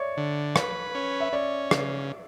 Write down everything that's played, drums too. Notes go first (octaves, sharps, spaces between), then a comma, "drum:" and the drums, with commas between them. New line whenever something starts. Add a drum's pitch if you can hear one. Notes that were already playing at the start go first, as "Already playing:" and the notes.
Already playing: C#5 D5 E5
D3
B4, drum: rim click
C#4
E5
C#4 D5
C#3, drum: rim click